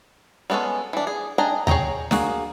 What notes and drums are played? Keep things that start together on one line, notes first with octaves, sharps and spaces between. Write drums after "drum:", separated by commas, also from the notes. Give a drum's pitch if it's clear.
G3 G#3 B3 C#4 A4
E3 D4
G#4
D4 D#5 G5 G#5 A#5
G#4 C#5 D#5 G5 A#5, drum: tom D2
A#3 F#4 G#4, drum: snare D4